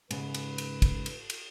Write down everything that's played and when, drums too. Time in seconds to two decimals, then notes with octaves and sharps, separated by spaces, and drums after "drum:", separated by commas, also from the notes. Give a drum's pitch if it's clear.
0.11 G#2 C#3 B4, drum: cymbal
0.34 drum: cymbal
0.58 drum: cymbal
0.82 drum: kick, cymbal
1.06 drum: cymbal
1.30 drum: cymbal